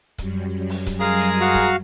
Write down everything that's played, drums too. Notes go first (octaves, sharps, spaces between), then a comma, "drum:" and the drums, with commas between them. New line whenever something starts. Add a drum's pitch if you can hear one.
F#2 F#3 G3, drum: kick C#1, hi-hat
drum: open hi-hat
drum: kick C#1, hi-hat
G#3 G#4 A#4 F5
drum: hi-hat
F#4 F5
drum: kick C#1, hi-hat